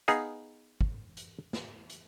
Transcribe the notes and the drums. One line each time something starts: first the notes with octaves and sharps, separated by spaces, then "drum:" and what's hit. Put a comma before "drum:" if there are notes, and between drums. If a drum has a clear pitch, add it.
B3 D#4 G#4 F5, drum: hi-hat
drum: kick
drum: hi-hat
drum: snare
drum: hi-hat